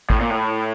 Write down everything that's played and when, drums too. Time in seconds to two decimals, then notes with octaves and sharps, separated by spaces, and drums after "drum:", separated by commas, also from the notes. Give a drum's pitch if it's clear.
0.10 A2, drum: kick
0.20 A#2
0.30 A2